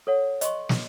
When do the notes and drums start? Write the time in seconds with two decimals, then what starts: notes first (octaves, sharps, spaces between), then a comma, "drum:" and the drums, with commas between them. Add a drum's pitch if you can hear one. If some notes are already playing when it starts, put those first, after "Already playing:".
0.07 A4 C#5 F#5
0.41 D#5 C6 C#6, drum: hi-hat
0.69 drum: snare